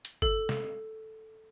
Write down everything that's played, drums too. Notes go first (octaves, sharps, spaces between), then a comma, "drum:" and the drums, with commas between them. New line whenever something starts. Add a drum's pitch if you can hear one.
drum: hi-hat
A4, drum: kick G1
drum: snare